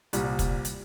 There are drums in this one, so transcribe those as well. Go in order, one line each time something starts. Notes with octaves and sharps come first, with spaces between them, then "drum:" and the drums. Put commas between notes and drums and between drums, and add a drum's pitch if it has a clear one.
C2 A#2 G3, drum: hi-hat
drum: kick, hi-hat
drum: hi-hat